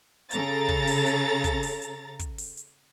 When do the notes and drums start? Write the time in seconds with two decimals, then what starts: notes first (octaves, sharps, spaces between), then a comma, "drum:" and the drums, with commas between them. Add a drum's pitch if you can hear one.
0.31 C#3 A4 A#5 A6, drum: hi-hat
0.68 drum: kick
0.87 drum: open hi-hat
1.06 drum: hi-hat
1.44 drum: kick, hi-hat
1.63 drum: open hi-hat
1.82 drum: hi-hat
2.19 drum: kick, hi-hat
2.38 drum: open hi-hat
2.57 drum: hi-hat